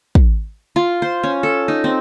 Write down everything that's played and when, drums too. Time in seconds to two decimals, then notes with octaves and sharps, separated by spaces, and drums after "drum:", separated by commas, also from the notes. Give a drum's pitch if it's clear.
0.15 drum: kick
0.76 F4
1.02 C5
1.23 C#4
1.43 A4
1.68 D#4
1.84 C4